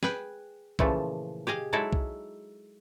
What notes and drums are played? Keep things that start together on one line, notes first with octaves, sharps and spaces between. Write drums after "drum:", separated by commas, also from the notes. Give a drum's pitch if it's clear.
G#4 B4 G5, drum: snare
A#2 C#3 E3 F3 A3, drum: kick B1
G4 G#4 D#5 F5
F#3 G#3 D#4 E4 A4 D5
drum: kick B1